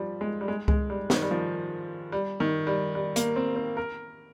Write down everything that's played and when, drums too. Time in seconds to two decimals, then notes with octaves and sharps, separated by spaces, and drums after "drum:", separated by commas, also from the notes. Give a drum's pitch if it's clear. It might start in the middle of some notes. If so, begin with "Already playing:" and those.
Already playing: F3 G3
0.21 G#3
0.41 G3
0.48 G#3
0.68 G#3, drum: kick C#2
0.90 G3
1.10 D#3, drum: snare
1.22 G3
1.31 F3
2.12 G3
2.40 D#3
2.67 G3
2.95 G3
3.16 A#3, drum: hi-hat
3.36 C4
3.56 C4
3.77 A#4